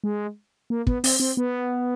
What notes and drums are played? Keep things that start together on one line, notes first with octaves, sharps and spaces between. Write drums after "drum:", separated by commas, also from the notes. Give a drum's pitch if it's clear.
G#3
A#3
B3, drum: kick
C4, drum: open hi-hat
C4
B3